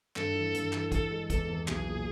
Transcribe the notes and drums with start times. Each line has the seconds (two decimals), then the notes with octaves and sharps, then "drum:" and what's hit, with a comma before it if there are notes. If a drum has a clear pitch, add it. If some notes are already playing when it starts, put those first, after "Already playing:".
0.16 G2 A4, drum: clap
0.34 E3
0.54 G2, drum: hi-hat
0.73 E3, drum: clap
0.92 E3 A4, drum: kick, hi-hat
1.11 G#3
1.30 E2 A4, drum: kick, hi-hat
1.48 E2
1.68 B1 G#4, drum: clap
1.87 A#2